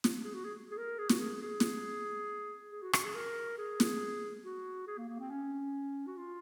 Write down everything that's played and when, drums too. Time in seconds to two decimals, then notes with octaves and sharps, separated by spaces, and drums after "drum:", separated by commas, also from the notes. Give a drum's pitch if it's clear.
0.04 drum: snare
0.24 G#4
0.34 F#4
0.45 G#4
0.71 G#4
0.77 A#4
0.99 G#4
1.10 F#4, drum: snare
1.20 G#4
1.42 G#4
1.60 drum: snare
2.72 G#4
2.82 F#4
2.93 F#4, drum: rim click
3.04 G#4
3.15 A#4
3.58 G#4
3.80 drum: snare
4.44 F#4
4.87 G#4
4.98 A#3
5.09 A#3
5.20 C4
5.31 C#4
6.07 F#4
6.17 F4